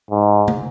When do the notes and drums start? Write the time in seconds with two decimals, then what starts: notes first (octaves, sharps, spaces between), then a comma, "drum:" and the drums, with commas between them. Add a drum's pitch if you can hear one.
0.11 G#2
0.48 drum: tom